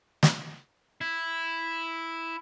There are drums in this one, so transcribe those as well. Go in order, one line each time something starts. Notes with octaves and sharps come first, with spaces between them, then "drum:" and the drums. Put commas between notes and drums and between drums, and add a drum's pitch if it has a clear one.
drum: snare
E4